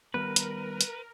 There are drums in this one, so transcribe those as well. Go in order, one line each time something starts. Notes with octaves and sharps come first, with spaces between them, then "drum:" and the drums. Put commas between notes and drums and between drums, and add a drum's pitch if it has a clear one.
D#3 G3 B3 A#4 B4
drum: hi-hat
drum: hi-hat